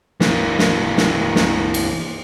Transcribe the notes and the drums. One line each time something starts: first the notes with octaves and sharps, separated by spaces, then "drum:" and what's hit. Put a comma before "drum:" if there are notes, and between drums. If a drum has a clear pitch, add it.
E3 A#3, drum: snare
drum: snare
drum: snare
drum: snare
drum: cymbal